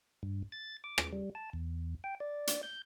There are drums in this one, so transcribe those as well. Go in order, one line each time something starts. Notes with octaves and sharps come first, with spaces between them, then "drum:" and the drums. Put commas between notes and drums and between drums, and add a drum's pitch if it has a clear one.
G2
A6
D6
drum: rim click
G3
A5
E2
G5
D5
drum: hi-hat
G6